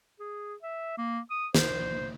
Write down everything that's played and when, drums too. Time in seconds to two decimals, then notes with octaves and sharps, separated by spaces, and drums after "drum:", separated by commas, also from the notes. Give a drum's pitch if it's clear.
0.20 G#4
0.63 E5
0.98 A#3
1.31 D#6
1.55 C5, drum: snare